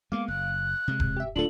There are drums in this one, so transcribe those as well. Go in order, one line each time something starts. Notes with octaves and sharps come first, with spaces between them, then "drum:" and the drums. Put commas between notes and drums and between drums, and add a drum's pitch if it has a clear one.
G#3 A#3 B3 F5 D6
F#1 F#6
C3 G#3
drum: kick E1
G4 E5
D1 A3 D4 F4 A4 F#7